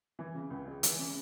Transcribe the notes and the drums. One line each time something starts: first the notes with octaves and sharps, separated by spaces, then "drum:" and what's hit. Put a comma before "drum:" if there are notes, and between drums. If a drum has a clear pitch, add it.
E3
C#3
C#2
G#3
E3, drum: hi-hat
C#3